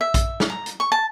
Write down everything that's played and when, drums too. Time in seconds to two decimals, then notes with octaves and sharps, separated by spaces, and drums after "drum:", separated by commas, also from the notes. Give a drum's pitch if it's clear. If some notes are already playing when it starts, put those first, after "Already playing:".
0.01 E5
0.14 drum: kick A#1, hi-hat
0.40 drum: snare
0.50 A#5
0.66 drum: hi-hat
0.80 C#6
0.92 A5